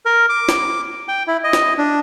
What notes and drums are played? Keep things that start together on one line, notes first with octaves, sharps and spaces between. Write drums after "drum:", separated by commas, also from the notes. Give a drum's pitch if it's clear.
A#4
D6
drum: snare
G5
E4
D#5
drum: snare
D4